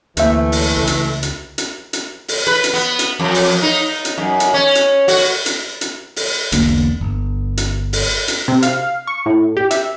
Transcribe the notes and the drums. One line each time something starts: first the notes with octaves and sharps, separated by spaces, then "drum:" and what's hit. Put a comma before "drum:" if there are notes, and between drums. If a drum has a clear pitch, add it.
D2 E3 A3 A#3 C5 E5, drum: hi-hat
drum: open hi-hat
C#2
drum: hi-hat
drum: hi-hat
drum: hi-hat
drum: hi-hat
drum: open hi-hat
B4
drum: hi-hat
B3
drum: hi-hat
F2
drum: open hi-hat
D#4
drum: hi-hat
F#2
drum: hi-hat
C#4
drum: hi-hat
F#4, drum: open hi-hat
drum: hi-hat
drum: hi-hat
drum: open hi-hat
E1 B1 D3 A#3, drum: hi-hat
G1
drum: hi-hat
drum: open hi-hat
drum: hi-hat
C3
F5, drum: hi-hat
C#6
A2
G4
E5, drum: hi-hat